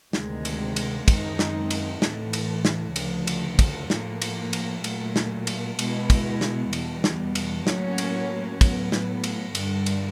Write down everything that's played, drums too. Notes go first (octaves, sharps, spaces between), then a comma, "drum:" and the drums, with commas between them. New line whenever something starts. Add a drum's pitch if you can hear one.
D2 C3 D#3 G#3, drum: snare
drum: cymbal
drum: cymbal
F#2 D#3 G#3 C4 D#4, drum: kick, cymbal
drum: snare
drum: cymbal
A2 E3 A3, drum: snare
drum: cymbal
drum: snare
D2 C#3 F3, drum: cymbal
drum: cymbal
drum: kick, cymbal
A2 F3 A#3, drum: snare
drum: cymbal
drum: cymbal
A#2 F#3 A3, drum: cymbal
drum: snare
drum: cymbal
B2 G#3 B3 E4, drum: cymbal
drum: kick, cymbal
drum: snare
E2 B2 G3, drum: cymbal
drum: snare
drum: cymbal
A2 F#3 A#3 C#4 F#4, drum: snare
drum: cymbal
A2 F#3 B3, drum: kick, cymbal
drum: snare
drum: cymbal
G2 D3 G3, drum: cymbal
drum: cymbal